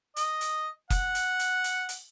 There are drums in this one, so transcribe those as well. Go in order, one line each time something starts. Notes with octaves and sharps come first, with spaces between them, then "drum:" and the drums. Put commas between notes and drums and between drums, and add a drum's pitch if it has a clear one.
D#5, drum: hi-hat
drum: hi-hat
F#5, drum: kick, hi-hat
drum: hi-hat
drum: hi-hat
drum: hi-hat
drum: hi-hat